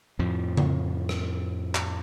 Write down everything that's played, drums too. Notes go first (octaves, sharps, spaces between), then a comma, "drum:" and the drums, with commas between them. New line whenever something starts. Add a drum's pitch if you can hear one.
F2 A2 F3
drum: tom C#3
drum: rim click
drum: clap